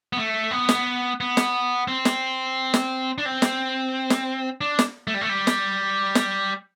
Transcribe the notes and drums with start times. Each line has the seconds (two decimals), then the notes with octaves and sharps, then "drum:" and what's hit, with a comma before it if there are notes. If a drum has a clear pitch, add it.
0.13 B3
0.17 A3
0.51 B3
0.69 drum: snare
1.20 B3
1.37 drum: snare
1.88 C4
2.05 drum: snare
2.74 drum: snare
3.18 D4
3.25 C4
3.42 drum: snare
4.10 drum: snare
4.61 D4
4.79 drum: snare
5.07 A3
5.14 G3
5.21 A3
5.29 G3
5.47 drum: snare
6.15 drum: snare